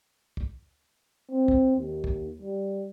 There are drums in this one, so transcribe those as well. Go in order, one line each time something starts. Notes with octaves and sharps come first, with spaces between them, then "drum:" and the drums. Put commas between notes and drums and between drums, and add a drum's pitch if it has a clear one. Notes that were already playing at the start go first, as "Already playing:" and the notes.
drum: kick
C4
drum: kick
D#2
drum: kick
G3